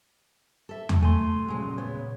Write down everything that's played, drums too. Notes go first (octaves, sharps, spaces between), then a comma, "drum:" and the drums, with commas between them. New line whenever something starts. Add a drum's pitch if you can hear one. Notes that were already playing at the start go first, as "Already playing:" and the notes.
A4 E5
drum: tom E2
A3 G#5 C6
A#2 C#3 F#3 G#3
B3 C#5